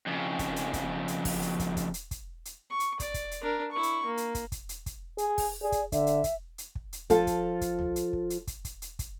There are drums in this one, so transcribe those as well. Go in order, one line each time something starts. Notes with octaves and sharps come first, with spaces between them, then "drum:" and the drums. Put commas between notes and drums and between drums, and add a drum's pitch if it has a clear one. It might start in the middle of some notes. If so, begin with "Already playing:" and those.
F2 C#3
drum: kick, hi-hat
drum: hi-hat
drum: kick, hi-hat
drum: hi-hat
drum: kick, open hi-hat
drum: hi-hat
drum: kick, hi-hat
drum: kick, hi-hat
drum: hi-hat
drum: kick, hi-hat
drum: hi-hat
C#6
drum: hi-hat
D5, drum: kick, hi-hat
drum: kick, hi-hat
drum: hi-hat
D4 A#4
E4 C#6
drum: hi-hat
A#3
drum: hi-hat
drum: kick, hi-hat
drum: kick, hi-hat
drum: hi-hat
drum: kick, hi-hat
G#4, drum: hi-hat
drum: kick, open hi-hat
G#4 D5
drum: kick, hi-hat
D3 E5, drum: kick, hi-hat
drum: hi-hat
drum: kick, hi-hat
drum: hi-hat
drum: kick
drum: hi-hat
F3 F4 A4, drum: kick, hi-hat
drum: kick, hi-hat
drum: kick, hi-hat
drum: tom
drum: hi-hat
drum: kick
drum: hi-hat
drum: kick, hi-hat
drum: kick, hi-hat
drum: hi-hat
drum: kick, hi-hat